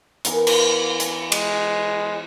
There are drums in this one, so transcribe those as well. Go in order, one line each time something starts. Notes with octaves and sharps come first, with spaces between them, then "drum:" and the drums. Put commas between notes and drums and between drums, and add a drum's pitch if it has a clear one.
E3 B3 A#4, drum: hi-hat
drum: cymbal
drum: hi-hat
G#3, drum: cymbal